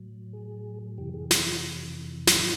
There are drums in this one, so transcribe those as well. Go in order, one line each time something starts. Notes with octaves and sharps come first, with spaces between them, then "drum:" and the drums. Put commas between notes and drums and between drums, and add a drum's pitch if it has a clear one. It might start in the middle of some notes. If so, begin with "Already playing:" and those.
Already playing: A2 F#3
G#4
F2 C3 E3 G4
G#4
G#4, drum: snare
G#2 D#3 F#3, drum: snare